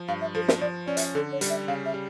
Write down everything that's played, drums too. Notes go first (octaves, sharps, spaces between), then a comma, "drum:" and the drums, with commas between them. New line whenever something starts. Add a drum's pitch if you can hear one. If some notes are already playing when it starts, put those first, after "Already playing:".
Already playing: F3
G2 F5
E5
F3 A4
A#4, drum: snare
F3 D5
C#4 D5
E5, drum: hi-hat
D3 A4
C#5
G3, drum: hi-hat
E5
C#3 F5
E5
G3